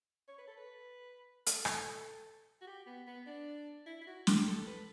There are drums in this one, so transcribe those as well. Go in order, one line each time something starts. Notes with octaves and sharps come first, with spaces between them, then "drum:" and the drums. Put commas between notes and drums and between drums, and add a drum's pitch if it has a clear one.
C#5
B4
A4
B4
A4, drum: hi-hat
drum: rim click
F#4
G4
B3
B3
D4
E4
E4
F#4
G4, drum: snare
G4
A4
B4